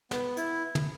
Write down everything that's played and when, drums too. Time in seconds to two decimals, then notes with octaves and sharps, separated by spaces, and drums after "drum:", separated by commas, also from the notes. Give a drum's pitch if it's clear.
0.11 B3, drum: snare
0.37 E4, drum: hi-hat
0.75 drum: tom